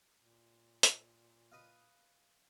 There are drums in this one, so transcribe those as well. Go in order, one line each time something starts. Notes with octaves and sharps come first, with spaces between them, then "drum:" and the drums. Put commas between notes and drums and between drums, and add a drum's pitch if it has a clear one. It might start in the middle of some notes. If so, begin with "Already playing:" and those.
A#2
drum: hi-hat
B4 D#5 F5